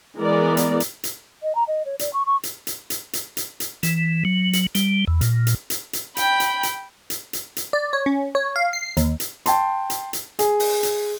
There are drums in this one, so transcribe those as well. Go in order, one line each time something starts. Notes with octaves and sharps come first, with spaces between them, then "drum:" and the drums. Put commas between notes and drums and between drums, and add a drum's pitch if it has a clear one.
E3 G#3 B3 A#4 D5
drum: hi-hat
drum: hi-hat
drum: hi-hat
D#5
A#5
D#5
C#5
D5, drum: hi-hat
C#6
C#6
drum: hi-hat
drum: hi-hat
drum: hi-hat
drum: hi-hat
drum: hi-hat
drum: hi-hat
E3, drum: hi-hat
F#3
drum: hi-hat
G3, drum: hi-hat
E2
A#2, drum: hi-hat
drum: hi-hat
drum: hi-hat
drum: hi-hat
G5 B5, drum: hi-hat
drum: hi-hat
drum: hi-hat
drum: hi-hat
drum: hi-hat
drum: hi-hat
D5
C#5
C#4
C#5
F5
C7
D#2, drum: hi-hat
drum: hi-hat
G5 A5 C6, drum: hi-hat
drum: hi-hat
drum: hi-hat
G#4, drum: hi-hat
drum: open hi-hat
drum: hi-hat